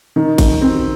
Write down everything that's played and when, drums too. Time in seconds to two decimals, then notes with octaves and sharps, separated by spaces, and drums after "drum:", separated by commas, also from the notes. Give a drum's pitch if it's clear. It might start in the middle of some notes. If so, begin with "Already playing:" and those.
0.16 D#3
0.38 drum: kick G#1, cymbal
0.62 C4